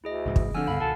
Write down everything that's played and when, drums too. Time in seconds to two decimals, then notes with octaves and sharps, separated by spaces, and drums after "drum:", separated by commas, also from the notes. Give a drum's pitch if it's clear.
0.04 D2 E4 G#4 D#5
0.25 C2 G#2 E3
0.36 drum: kick
0.55 D3 F3 C4 D4 G#5 E6 F6
0.67 C#2 G2 B3 F5 B5
0.80 C#2 B2 D#3 A4 F#5